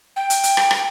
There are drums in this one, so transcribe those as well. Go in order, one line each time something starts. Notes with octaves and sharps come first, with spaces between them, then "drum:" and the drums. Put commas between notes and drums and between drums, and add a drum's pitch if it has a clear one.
G5
drum: hi-hat
drum: hi-hat
drum: rim click
drum: rim click